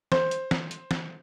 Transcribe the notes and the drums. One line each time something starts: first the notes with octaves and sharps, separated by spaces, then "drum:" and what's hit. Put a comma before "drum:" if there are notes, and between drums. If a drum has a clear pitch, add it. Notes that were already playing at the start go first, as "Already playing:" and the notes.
C5, drum: snare
drum: hi-hat
drum: snare
drum: hi-hat
drum: snare